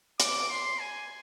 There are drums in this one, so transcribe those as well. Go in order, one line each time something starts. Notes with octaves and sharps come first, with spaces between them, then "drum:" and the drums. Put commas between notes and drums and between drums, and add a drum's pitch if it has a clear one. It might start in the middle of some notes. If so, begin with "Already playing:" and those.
D6, drum: hi-hat
C6
G#5